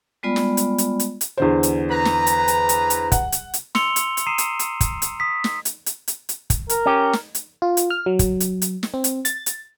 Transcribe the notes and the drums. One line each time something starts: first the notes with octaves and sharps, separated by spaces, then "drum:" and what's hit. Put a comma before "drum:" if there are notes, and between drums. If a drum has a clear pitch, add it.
G3 G#3 B3 F4 D5 B5
drum: snare
drum: hi-hat
drum: hi-hat
drum: hi-hat
drum: hi-hat
E2 D3 C5
drum: hi-hat
B4 A#5
drum: snare
drum: hi-hat
drum: hi-hat
drum: hi-hat
drum: hi-hat
F#5, drum: kick, hi-hat
drum: hi-hat
drum: hi-hat
C6 E6 C#7 F7 G7, drum: snare
drum: hi-hat
drum: hi-hat
A#5 D#6 C7 D#7 E7
drum: hi-hat
drum: hi-hat
drum: kick, hi-hat
drum: hi-hat
D#6 B6
drum: snare
drum: hi-hat
drum: hi-hat
drum: hi-hat
drum: hi-hat
drum: kick, hi-hat
A#4, drum: hi-hat
C#4 G4
drum: snare
drum: hi-hat
F4
drum: hi-hat
F6
F#3
drum: kick, hi-hat
drum: hi-hat
drum: hi-hat
drum: snare
C4
drum: hi-hat
A6, drum: hi-hat
drum: hi-hat